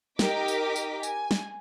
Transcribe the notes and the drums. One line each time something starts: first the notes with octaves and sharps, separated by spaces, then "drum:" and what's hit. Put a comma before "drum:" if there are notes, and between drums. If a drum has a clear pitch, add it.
D#4 G4 A#4 D#5 D6 B6, drum: snare
drum: tambourine
drum: tambourine
G#5, drum: tambourine
drum: snare